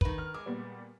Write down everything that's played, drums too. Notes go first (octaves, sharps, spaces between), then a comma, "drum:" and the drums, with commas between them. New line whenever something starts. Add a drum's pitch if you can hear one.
D#3 B4, drum: kick
F6
G#3 D6
A#2 G3 B3